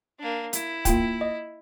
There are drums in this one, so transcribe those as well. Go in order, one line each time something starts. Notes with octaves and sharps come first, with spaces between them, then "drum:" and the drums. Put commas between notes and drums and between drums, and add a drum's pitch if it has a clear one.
A#3 D4
E4, drum: hi-hat
A#3 F4 G5, drum: kick, hi-hat
D#5